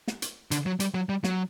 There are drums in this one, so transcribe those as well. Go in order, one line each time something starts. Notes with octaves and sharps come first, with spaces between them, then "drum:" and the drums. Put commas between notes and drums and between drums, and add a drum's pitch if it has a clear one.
drum: snare
drum: hi-hat
D3, drum: hi-hat
F#3
G3, drum: hi-hat
F#3
G3
F#3, drum: snare